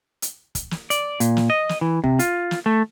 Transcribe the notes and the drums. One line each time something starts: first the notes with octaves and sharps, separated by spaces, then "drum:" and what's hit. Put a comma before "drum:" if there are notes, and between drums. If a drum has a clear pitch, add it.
drum: hi-hat
drum: kick, hi-hat
drum: snare
D5, drum: hi-hat
A#2, drum: hi-hat
drum: snare
D#5
drum: snare
E3
C3, drum: kick
F4, drum: hi-hat
drum: snare
A3